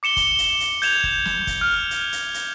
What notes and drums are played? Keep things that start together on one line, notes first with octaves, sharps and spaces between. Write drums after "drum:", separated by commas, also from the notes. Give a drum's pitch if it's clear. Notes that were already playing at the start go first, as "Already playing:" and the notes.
D6 C#7 E7 G7
drum: kick, hi-hat
drum: hi-hat
drum: hi-hat
G6 G#6 E7 F7, drum: hi-hat
drum: kick
drum: snare
drum: kick, hi-hat
F6
drum: hi-hat
drum: hi-hat
drum: hi-hat